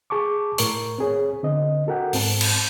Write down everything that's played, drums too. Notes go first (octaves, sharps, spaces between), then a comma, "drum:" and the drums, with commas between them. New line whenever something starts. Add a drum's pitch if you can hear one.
G#4 A5 C#6 D6
A2 A#4 C#6, drum: hi-hat
C4 G#4 C#5
D3 C4 D#5
F#4 A4 A#4 F#5 G5
G#2 C4 A5, drum: open hi-hat
drum: cymbal